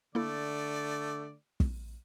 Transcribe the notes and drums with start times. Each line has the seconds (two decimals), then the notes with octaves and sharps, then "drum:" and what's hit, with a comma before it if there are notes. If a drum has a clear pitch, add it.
0.15 D3 A3 A#3 E4 A4 D5
1.60 drum: kick